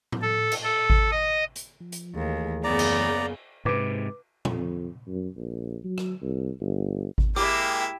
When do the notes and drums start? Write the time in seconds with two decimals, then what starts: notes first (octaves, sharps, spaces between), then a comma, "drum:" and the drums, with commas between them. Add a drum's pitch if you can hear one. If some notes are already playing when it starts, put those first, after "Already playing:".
0.12 drum: tom A2
0.22 A4
0.52 drum: cymbal
0.63 A4
0.90 drum: kick G#1
1.11 D#5
1.56 drum: hi-hat
1.81 F3
1.92 drum: hi-hat
2.15 D#2 E3 A3 G#4
2.64 F#2 C#3 A#3 B3 D5 A#5
2.79 drum: cymbal
3.65 G#2 C3 B4 D6
4.45 F2, drum: tom A#2
5.08 F#2
5.37 A#1
5.85 F#3
5.98 drum: rim click
6.22 C2
6.61 G1
7.18 drum: kick G#1
7.36 G#3 A#3 E4 G4 E5 D6